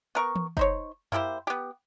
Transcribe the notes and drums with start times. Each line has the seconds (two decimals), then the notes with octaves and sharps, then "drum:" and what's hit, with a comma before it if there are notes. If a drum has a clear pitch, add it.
0.15 B3 A#4 C#6
0.36 drum: tom E3
0.57 D#4 C5 C#5, drum: kick
1.12 A#3 E4 G4 C5, drum: tom F#2
1.47 B3 G4